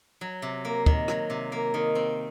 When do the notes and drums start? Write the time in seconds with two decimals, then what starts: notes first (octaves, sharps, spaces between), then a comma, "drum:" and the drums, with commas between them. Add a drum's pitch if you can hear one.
0.21 F#3
0.42 C3
0.65 A#3
0.86 D#3, drum: kick
1.08 F#3, drum: rim click
1.30 C3
1.52 A#3
1.74 D#3
1.95 C4